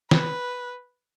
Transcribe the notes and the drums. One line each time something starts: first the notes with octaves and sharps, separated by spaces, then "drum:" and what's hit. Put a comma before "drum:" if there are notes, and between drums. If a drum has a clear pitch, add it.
B4, drum: snare